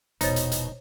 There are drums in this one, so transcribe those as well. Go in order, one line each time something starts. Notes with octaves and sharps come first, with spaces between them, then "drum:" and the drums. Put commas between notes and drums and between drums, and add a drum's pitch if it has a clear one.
E1 A#1 B2 D#4 C5 C#5 A6, drum: hi-hat
drum: hi-hat
drum: hi-hat